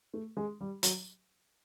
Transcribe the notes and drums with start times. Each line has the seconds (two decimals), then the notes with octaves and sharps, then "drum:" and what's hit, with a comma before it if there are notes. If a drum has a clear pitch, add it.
0.14 A3
0.37 G#3
0.60 G3
0.83 F#3, drum: hi-hat